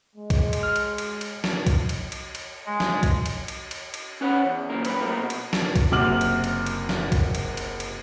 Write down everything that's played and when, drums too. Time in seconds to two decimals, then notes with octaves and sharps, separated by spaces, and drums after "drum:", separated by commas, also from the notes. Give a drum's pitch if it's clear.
0.16 G#3
0.30 drum: kick, cymbal
0.53 drum: cymbal
0.63 F6
0.76 drum: cymbal
0.98 drum: cymbal
1.21 drum: cymbal
1.44 drum: snare
1.67 drum: kick, cymbal
1.89 drum: cymbal
2.12 drum: cymbal
2.35 drum: cymbal
2.66 G#3
2.80 drum: snare
3.03 drum: kick, cymbal
3.26 drum: cymbal
3.48 drum: cymbal
3.71 drum: cymbal
3.94 drum: cymbal
4.21 C#4 B4 C#5 F#5 B5
4.45 E2
4.70 F#2 A#2 A#3 C4 A#4
4.85 F#2 B4, drum: cymbal
5.01 F3 A3 A#3 C4 A#4
5.20 B2
5.30 drum: cymbal
5.53 drum: snare
5.76 drum: kick, cymbal
5.91 F#1 C3 F#4 D6 F6 F#7
6.21 drum: cymbal
6.44 drum: cymbal
6.66 drum: cymbal
6.89 drum: snare
7.12 drum: kick, cymbal
7.35 drum: cymbal
7.57 drum: cymbal
7.80 drum: cymbal